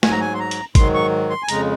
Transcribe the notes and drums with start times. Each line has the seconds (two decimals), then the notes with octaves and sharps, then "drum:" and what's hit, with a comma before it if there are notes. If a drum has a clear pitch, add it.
0.03 G#2 F#3 G#5, drum: snare
0.12 A#5
0.20 G#5
0.34 C6
0.39 A#5
0.51 drum: hi-hat
0.75 G#2 D#3 F#3 C6, drum: kick, hi-hat
0.94 C#6
1.30 C6
1.43 G#5
1.48 F2 C#3 G#3 A#5, drum: hi-hat